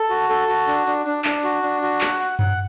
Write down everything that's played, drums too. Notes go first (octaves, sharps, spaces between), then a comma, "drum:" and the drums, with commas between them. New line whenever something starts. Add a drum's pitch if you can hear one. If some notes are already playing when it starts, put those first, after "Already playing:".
Already playing: A4
F#4
A4
F#4, drum: tambourine
D4, drum: tambourine
D4, drum: tambourine
D4, drum: tambourine
D4, drum: clap
F#4, drum: tambourine
D4, drum: tambourine
F#4, drum: tambourine
F#5, drum: clap
F#5, drum: tambourine
F#5, drum: tom G2